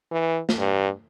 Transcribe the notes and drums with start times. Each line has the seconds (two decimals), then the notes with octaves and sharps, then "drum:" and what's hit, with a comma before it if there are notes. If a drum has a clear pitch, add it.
0.11 E3
0.49 drum: snare
0.58 G2